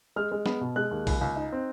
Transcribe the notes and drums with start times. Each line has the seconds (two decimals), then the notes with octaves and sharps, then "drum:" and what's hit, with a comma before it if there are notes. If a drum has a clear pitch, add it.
0.16 G#3 F6
0.32 G#3
0.46 B3, drum: snare
0.61 B2
0.76 G#3 F#6
0.91 D#2
1.07 C#2, drum: kick B1, open hi-hat
1.21 C#2
1.36 D#4
1.52 C4